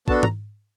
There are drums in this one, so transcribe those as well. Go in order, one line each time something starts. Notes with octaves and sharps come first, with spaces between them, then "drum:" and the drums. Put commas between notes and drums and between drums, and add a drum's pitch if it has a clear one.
B3 D4 F#4 A4 A5, drum: kick
A#5, drum: tom G#2